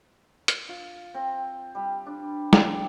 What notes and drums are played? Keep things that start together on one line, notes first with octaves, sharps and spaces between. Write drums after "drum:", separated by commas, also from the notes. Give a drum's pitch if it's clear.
drum: hi-hat
F4
C4
G3
D4
G4, drum: snare